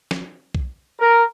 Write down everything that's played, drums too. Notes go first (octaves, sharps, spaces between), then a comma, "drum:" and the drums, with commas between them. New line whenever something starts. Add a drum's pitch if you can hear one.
drum: snare
drum: kick B1
A#4